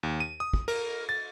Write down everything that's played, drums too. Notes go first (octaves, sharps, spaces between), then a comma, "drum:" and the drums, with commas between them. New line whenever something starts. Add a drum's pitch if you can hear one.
D#2
D#7
D#6
drum: kick
A#4, drum: cymbal
A6